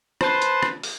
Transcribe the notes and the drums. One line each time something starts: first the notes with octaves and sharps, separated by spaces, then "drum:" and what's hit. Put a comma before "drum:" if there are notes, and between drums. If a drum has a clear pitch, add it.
B4 C5 A5 C6, drum: rim click
drum: hi-hat
drum: rim click
drum: open hi-hat